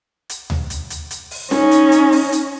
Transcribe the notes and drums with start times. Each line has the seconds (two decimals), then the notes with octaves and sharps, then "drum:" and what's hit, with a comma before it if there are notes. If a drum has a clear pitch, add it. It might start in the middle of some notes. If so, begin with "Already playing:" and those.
0.30 drum: hi-hat
0.50 drum: tom D2
0.70 drum: hi-hat
0.90 drum: hi-hat
1.11 drum: hi-hat
1.31 drum: open hi-hat
1.51 C#4 D#4, drum: snare C#4
1.71 drum: hi-hat
1.92 drum: hi-hat
2.12 drum: open hi-hat
2.32 drum: hi-hat